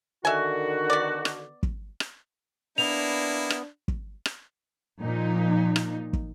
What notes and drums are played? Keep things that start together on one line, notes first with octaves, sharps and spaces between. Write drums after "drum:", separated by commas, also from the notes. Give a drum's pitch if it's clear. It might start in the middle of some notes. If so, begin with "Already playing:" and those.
D3 D#3 F#4 E5 G#5
B3 D5
drum: rim click
drum: kick
drum: rim click
A#3 B3 D4 E4 F7
drum: rim click
drum: kick
drum: rim click
A#2 F3 D#4
drum: rim click
drum: kick